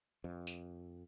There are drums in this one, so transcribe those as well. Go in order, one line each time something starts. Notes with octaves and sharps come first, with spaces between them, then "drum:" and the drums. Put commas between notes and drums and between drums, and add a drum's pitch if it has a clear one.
F2
drum: tambourine